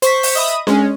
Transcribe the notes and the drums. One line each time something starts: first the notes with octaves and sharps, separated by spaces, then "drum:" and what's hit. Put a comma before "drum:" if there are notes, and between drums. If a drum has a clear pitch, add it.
C5 C#6 B6, drum: hi-hat
drum: open hi-hat
D#5 E5 B5 D#6
G#3 C#4, drum: snare D4